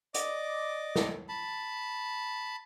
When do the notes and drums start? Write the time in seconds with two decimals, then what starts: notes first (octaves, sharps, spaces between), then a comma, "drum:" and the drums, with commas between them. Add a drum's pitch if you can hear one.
0.14 D5 D#5 D6, drum: hi-hat
0.96 drum: snare
1.29 A5 B5